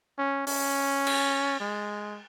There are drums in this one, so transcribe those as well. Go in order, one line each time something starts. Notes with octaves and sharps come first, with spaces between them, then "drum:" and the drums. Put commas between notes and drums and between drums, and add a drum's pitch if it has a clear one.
C#4
C#4, drum: open hi-hat
drum: cymbal
G#3